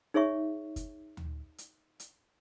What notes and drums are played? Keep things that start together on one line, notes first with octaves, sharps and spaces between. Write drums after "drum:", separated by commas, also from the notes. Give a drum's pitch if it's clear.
D#4 G#4 C#5 E5 C#6
drum: kick, hi-hat
drum: tom D2
drum: hi-hat
drum: hi-hat